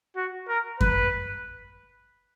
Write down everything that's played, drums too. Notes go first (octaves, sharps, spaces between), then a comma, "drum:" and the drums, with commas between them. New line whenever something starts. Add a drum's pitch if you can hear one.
F#4
A#4
B4, drum: kick F#2